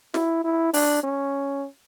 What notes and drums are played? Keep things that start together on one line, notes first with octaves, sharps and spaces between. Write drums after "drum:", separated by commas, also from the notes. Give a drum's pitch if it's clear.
E4, drum: snare
E4
D4, drum: open hi-hat
C#4